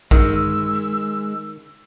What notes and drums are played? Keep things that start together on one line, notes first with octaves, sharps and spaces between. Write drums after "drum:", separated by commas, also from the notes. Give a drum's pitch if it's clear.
D#3 G#3 E6, drum: kick A#1